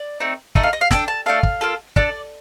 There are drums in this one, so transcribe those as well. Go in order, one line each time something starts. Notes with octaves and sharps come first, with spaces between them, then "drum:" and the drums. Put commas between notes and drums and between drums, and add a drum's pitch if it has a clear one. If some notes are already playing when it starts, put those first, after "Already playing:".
Already playing: D5
A3 C4 D#4
A3 D#4 A4 D#5, drum: kick
F5
D#5
F5
D4 A4 G5, drum: snare
A5
A3 D4 A4 F5
drum: kick
A#3 F4 A4
D4 A4 D5, drum: kick